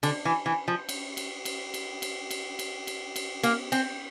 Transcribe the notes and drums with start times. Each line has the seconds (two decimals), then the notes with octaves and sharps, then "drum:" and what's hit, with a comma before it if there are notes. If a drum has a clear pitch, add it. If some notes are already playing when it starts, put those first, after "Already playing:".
0.03 D3, drum: cymbal
0.25 E3
0.46 E3
0.68 F3
0.89 drum: cymbal
1.17 drum: cymbal
1.45 drum: cymbal
1.74 drum: cymbal
2.02 drum: cymbal
2.31 drum: cymbal
2.59 drum: cymbal
2.87 drum: cymbal
3.16 drum: cymbal
3.43 A#3, drum: cymbal
3.72 C4, drum: cymbal